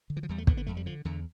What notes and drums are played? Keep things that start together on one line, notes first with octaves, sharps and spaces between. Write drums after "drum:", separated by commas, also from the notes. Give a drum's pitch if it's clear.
D3
E3
F3
E2 G3
A3
D3 B3, drum: kick
B3
F2 A3
G3
D3 F3
E2 D3